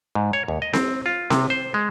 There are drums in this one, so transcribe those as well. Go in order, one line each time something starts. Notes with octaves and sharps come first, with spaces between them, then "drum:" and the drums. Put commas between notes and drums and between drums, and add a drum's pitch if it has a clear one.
G#2
C#5
D#2
D#5
C4, drum: snare C4
F4
C3, drum: snare C4
C5
G#3